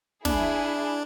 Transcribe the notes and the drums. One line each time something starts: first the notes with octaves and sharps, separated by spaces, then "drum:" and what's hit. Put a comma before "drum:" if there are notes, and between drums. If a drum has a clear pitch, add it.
D4 E4 G#4, drum: snare